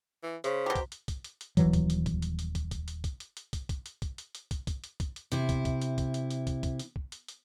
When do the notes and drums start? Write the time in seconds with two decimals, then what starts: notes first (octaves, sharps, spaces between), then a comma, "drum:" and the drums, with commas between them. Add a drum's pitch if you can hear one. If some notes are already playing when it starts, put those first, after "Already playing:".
0.23 E3
0.44 C#3 C5 C6 B6, drum: hi-hat
0.66 B2 F#4 G4 A#5
0.75 drum: kick, hi-hat
0.92 drum: hi-hat
1.08 drum: kick, hi-hat
1.24 drum: hi-hat
1.41 drum: hi-hat
1.57 D#1 E3 F#3, drum: kick, hi-hat
1.73 drum: kick, hi-hat
1.90 drum: hi-hat
2.06 drum: kick, hi-hat
2.22 drum: hi-hat
2.39 drum: hi-hat
2.55 drum: kick, hi-hat
2.71 drum: kick, hi-hat
2.88 drum: hi-hat
3.04 drum: kick, hi-hat
3.20 drum: hi-hat
3.37 drum: hi-hat
3.53 drum: kick, hi-hat
3.69 drum: kick, hi-hat
3.86 drum: hi-hat
4.02 drum: kick, hi-hat
4.18 drum: hi-hat
4.35 drum: hi-hat
4.51 drum: kick, hi-hat
4.67 drum: kick, hi-hat
4.84 drum: hi-hat
5.00 drum: kick, hi-hat
5.16 drum: hi-hat
5.32 C3 E4, drum: hi-hat
5.49 drum: kick, hi-hat
5.65 drum: kick, hi-hat
5.82 drum: hi-hat
5.98 drum: kick, hi-hat
6.14 drum: hi-hat
6.31 drum: hi-hat
6.47 drum: kick, hi-hat
6.63 drum: kick, hi-hat
6.79 drum: hi-hat
6.96 drum: kick
7.12 drum: hi-hat
7.28 drum: hi-hat